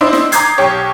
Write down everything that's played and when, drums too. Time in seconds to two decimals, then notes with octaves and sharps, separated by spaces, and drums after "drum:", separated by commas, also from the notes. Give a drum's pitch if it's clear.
0.01 D4 E4 C5 D#5
0.13 drum: snare
0.32 A#5 D6 D#6 G6 G#6 C7, drum: hi-hat
0.58 B1 G4 C#5